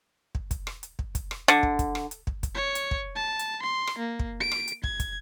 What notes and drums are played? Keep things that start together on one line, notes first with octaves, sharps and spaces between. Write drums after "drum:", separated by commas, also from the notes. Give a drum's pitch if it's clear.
drum: kick
drum: kick, hi-hat
drum: rim click
drum: hi-hat
drum: kick
drum: kick, hi-hat
drum: rim click
D3, drum: hi-hat
drum: kick
drum: kick, hi-hat
drum: rim click
drum: hi-hat
drum: kick
drum: kick, hi-hat
C#5
drum: hi-hat
drum: kick
A5
drum: hi-hat
C6
drum: rim click
A#3
drum: kick
D7
drum: rim click
drum: hi-hat
G#6, drum: kick
drum: kick, hi-hat